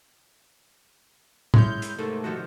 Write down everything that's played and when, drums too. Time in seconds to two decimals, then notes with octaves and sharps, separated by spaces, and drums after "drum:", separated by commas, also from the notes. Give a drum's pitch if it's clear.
1.54 G#3 E4 C#5 F6 G6, drum: tom A2
1.82 drum: hi-hat
1.99 G#2 C3 A3 A#3 A4
2.24 D#3 F3 G3 F#4 A4